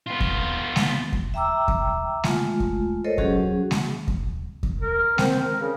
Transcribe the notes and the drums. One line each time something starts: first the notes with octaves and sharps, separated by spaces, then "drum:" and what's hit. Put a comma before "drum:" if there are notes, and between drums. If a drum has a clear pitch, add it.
B3 F4
drum: kick D#2
drum: snare G#3
drum: kick D#2
E5 G5 A#5 D6 E6
drum: kick D#2
G#3 A3 F4, drum: snare G#3
drum: kick D#2
A4 A#4 C5 C#5 D#5
F#3 C#4 F#4 G#4, drum: kick D#2
drum: snare G#3
drum: kick D#2
drum: kick D#2
A#4
C4, drum: snare G#3
A#4
C#3